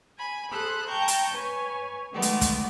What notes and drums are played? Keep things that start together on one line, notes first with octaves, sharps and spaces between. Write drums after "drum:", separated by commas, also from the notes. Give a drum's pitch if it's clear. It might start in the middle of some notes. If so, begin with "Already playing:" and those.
G#5 B5
G#4 A4 C5 B5 F#6
G5 A5 A#5 C#6 G6
drum: hi-hat
B4 C#5 G#5
D#3 F#3 G#3 A3 B3 D5
drum: hi-hat
drum: kick, hi-hat